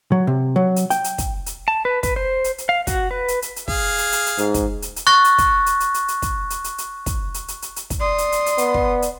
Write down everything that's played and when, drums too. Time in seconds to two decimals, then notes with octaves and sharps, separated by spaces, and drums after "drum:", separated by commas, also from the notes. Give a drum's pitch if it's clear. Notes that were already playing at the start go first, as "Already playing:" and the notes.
0.12 F#3
0.27 C3
0.56 F#3
0.76 drum: hi-hat
0.90 G5, drum: hi-hat
1.04 drum: hi-hat
1.18 drum: kick, hi-hat
1.46 drum: hi-hat
1.68 A5
1.85 B4
2.03 B4, drum: kick, hi-hat
2.16 C5
2.44 drum: hi-hat
2.58 drum: hi-hat
2.69 F5
2.87 F#4, drum: kick, hi-hat
3.11 B4
3.28 drum: hi-hat
3.42 drum: hi-hat
3.56 drum: hi-hat
3.68 G#4 F5, drum: kick
3.98 drum: hi-hat
4.12 drum: hi-hat
4.26 drum: hi-hat
4.38 G#2, drum: hi-hat
4.54 drum: kick, hi-hat
4.82 drum: hi-hat
4.96 drum: hi-hat
5.07 C#6 F#6 A6 A#6
5.24 drum: hi-hat
5.38 drum: kick, hi-hat
5.66 drum: hi-hat
5.80 drum: hi-hat
5.94 drum: hi-hat
6.08 drum: hi-hat
6.22 drum: kick, hi-hat
6.50 drum: hi-hat
6.64 drum: hi-hat
6.78 drum: hi-hat
7.06 drum: kick, hi-hat
7.34 drum: hi-hat
7.48 drum: hi-hat
7.62 drum: hi-hat
7.76 drum: hi-hat
7.90 drum: kick, hi-hat
8.00 D5 C6 D#6
8.18 drum: hi-hat
8.32 drum: hi-hat
8.46 drum: hi-hat
8.58 B3, drum: hi-hat
8.74 drum: kick
9.02 drum: hi-hat